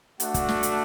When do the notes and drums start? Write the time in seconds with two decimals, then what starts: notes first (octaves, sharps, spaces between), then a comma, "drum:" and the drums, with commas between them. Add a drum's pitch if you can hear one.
0.20 A3 D4 F#4 F#5, drum: hi-hat
0.34 drum: kick, hi-hat
0.49 drum: snare
0.63 drum: hi-hat